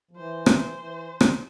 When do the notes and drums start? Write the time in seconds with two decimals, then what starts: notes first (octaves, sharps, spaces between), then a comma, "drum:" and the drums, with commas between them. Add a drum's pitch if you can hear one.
0.11 F3
0.17 E3 C5
0.46 drum: rim click
0.76 E3
1.21 drum: rim click